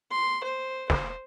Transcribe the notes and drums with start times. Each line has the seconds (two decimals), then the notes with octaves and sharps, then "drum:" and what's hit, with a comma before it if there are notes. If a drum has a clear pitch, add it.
0.12 C6
0.44 C5
0.90 C5, drum: snare